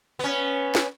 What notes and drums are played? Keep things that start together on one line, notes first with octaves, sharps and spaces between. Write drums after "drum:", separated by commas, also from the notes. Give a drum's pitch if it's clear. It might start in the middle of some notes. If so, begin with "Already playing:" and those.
B3 C#4
drum: snare